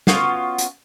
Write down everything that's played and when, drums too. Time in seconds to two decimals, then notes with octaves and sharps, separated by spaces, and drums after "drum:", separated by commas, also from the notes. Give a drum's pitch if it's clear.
0.07 B3 C#4 F4 F#4, drum: snare
0.58 drum: hi-hat